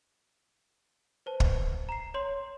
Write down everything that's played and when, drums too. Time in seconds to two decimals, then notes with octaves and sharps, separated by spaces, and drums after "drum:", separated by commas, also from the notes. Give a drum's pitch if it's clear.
1.26 B4 C5 A5
1.40 drum: kick
1.89 A#5 C7
2.14 C#5 C6